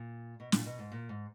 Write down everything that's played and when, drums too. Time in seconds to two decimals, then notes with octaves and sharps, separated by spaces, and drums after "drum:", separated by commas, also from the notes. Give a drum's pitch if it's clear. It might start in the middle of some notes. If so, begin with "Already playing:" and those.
Already playing: A#2
0.40 B2
0.52 A#2, drum: snare
0.66 B2
0.79 G#2
0.92 A#2
1.09 G#2